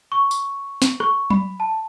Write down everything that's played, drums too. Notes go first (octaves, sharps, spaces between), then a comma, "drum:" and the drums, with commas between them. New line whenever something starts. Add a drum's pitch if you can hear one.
C#6
drum: tambourine
drum: snare
C#6, drum: rim click
B5, drum: tom F#3
A5